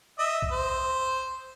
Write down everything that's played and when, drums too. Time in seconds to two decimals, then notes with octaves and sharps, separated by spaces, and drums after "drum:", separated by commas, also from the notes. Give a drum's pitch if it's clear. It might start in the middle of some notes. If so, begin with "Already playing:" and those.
0.19 D#5 E5
0.42 drum: kick B1
0.52 C5